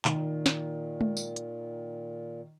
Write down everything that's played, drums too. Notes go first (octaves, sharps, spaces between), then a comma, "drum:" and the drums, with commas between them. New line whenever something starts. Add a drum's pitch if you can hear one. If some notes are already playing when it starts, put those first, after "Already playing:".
A#2 D#3, drum: clap
drum: snare
drum: tom G#3
drum: tambourine
drum: hi-hat